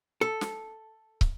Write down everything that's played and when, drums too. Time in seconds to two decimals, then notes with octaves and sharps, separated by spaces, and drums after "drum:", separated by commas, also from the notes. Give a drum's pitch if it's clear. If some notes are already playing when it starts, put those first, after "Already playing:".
0.21 A4
0.41 drum: snare
1.21 drum: kick